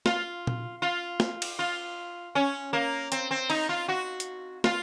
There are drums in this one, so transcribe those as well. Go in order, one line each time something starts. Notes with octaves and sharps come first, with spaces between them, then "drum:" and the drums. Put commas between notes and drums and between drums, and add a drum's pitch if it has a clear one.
F4, drum: snare
drum: tom A#2
F4
drum: snare
drum: cymbal
F4
C#4
A#3
C4, drum: hi-hat
C4
D#4, drum: cymbal
F4
F#4
drum: hi-hat
F4, drum: snare